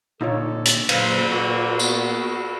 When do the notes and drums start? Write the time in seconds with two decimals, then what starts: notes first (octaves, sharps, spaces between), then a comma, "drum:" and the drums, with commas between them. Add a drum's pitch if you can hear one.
0.21 A#2 D3 D#4 F4 A4 C#5
0.65 drum: hi-hat
0.89 F#2 A#2 B4 C5 F5, drum: cymbal
1.32 A#2 A#3 F#4
1.79 B3, drum: tambourine